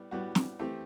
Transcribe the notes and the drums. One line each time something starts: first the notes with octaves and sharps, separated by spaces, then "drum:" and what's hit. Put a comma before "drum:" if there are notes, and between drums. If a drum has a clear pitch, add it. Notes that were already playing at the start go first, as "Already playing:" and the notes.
Already playing: A2 G3 B3
A2 G3 B3 F#4
drum: snare
E3 A3 C4 G4